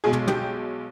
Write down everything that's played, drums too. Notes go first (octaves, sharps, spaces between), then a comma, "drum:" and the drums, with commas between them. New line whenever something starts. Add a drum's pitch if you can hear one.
B1 B2 G#3 G#4
drum: tom
G4, drum: tom